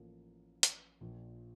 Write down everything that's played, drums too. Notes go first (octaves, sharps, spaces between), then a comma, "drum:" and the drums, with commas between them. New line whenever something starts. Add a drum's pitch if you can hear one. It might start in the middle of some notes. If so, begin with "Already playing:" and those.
Already playing: A1 A2 F3 A#3
drum: hi-hat
A#1 A#2 F3